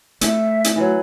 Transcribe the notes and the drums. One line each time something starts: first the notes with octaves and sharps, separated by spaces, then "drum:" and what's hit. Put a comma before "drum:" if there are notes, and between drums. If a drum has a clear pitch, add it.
A3 E5, drum: hi-hat
drum: hi-hat
E3 F#3